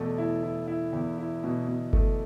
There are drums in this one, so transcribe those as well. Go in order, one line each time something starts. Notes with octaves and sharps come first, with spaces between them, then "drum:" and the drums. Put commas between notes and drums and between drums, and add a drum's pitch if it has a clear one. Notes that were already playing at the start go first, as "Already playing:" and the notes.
Already playing: E2 B2 A3
E4
E4
E4
E2
E4
B2
B2
A3, drum: kick G1